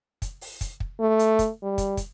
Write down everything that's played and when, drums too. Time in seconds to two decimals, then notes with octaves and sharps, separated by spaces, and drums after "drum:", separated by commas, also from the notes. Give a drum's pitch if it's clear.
0.22 drum: kick, hi-hat
0.41 drum: open hi-hat
0.61 drum: kick, hi-hat
0.80 drum: kick
1.00 A3
1.19 drum: hi-hat
1.39 drum: kick, hi-hat
1.63 G3
1.78 drum: kick, hi-hat
1.97 drum: kick, hi-hat